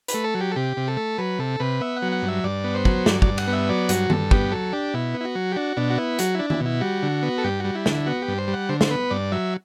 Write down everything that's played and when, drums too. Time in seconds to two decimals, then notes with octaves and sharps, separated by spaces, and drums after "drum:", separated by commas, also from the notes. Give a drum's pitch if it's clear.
0.08 B4, drum: hi-hat
0.14 A3
0.24 A4
0.35 F#3
0.41 G4
0.51 A4
0.56 C3 G4
0.77 C3
0.88 A4
0.97 A3
1.18 F#3 B4
1.39 C3 A4
1.60 C3 B4
1.81 B3 E5
1.97 F#5
2.02 F#3
2.12 F#5
2.22 G2
2.28 E5
2.44 G2 D5
2.64 B3
2.74 C5
2.85 F#3, drum: kick
3.06 G2 D5, drum: snare
3.22 G2 D5, drum: kick
3.38 F#5, drum: cymbal
3.48 B3
3.53 E5
3.69 F#3 D5
3.89 G2 F#4, drum: hi-hat
4.10 G2 A4, drum: tom D#3
4.31 B3 G4, drum: kick
4.52 F#3 A4
4.73 D4 G4
4.94 B2 E4
5.14 B3
5.21 E4
5.25 F#4
5.35 F#3
5.52 G4
5.56 D4 F#4
5.77 B2 D4
5.90 F#4
5.98 B3 E4
6.19 F#3 F#4, drum: hi-hat
6.35 D4 E4
6.50 E4, drum: tom D#3
6.61 B2 E4
6.81 G3 F#4
7.02 D3
7.23 B3
7.38 A4
7.44 G2 G4
7.60 G3 F#4
7.75 E4
7.86 D3, drum: snare
7.92 E4
8.06 B3 F#4
8.22 G4
8.28 G2
8.38 C5
8.48 G3
8.53 F#5
8.69 D3 C5
8.81 C5, drum: snare
8.91 B3 B4
9.10 G2 D5
9.32 F#3 E5